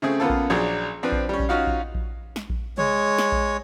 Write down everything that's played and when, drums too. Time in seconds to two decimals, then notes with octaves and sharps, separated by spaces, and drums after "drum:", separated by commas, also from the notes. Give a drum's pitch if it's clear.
0.02 C#3 A3 C4 G#4
0.20 C#3 A#3 B3 F4 A4
0.30 drum: kick A#1
0.50 A#1 F#3 D4 G#4
1.03 F3 C4 D4 B4
1.12 drum: kick A#1
1.29 G3 C#4
1.40 drum: kick A#1
1.49 C#4 D#4 F4 F#4 F5
1.67 drum: kick A#1
1.95 drum: kick A#1
2.36 drum: snare
2.50 drum: kick A#1
2.78 G#3 C#5, drum: tom
3.18 drum: snare
3.32 drum: kick A#1